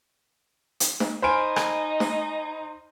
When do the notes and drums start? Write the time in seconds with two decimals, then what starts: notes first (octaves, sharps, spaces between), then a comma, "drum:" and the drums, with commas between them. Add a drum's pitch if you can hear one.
0.80 drum: hi-hat
1.00 drum: snare
1.22 D#4 C5 G#5 B5 F6 D7
1.56 drum: rim click
2.00 drum: snare